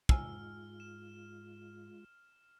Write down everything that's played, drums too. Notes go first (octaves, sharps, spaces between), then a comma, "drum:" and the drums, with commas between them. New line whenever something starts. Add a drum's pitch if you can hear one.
G#2 G#3 F4 G#5 E6 F6, drum: kick
E7